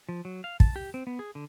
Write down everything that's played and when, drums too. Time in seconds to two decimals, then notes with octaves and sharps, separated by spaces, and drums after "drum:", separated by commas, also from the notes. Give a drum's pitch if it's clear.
0.09 F3
0.25 F#3
0.44 F5
0.60 A5, drum: kick
0.76 G4
0.94 C4
1.07 B3
1.19 G#4
1.35 D3